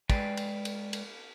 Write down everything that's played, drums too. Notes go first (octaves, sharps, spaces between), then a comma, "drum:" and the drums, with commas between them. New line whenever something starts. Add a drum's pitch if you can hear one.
G#3 G#4 B4 D5 G5, drum: kick, cymbal
drum: cymbal
drum: cymbal
drum: cymbal